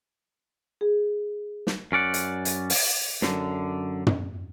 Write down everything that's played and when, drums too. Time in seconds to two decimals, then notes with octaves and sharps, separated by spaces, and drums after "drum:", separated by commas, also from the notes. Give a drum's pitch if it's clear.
0.81 G#4
1.67 drum: snare
1.92 F#2 C#4 D5 F#5
2.14 drum: hi-hat
2.45 drum: hi-hat
2.70 drum: open hi-hat
3.22 F#2 D3, drum: snare
4.07 drum: tom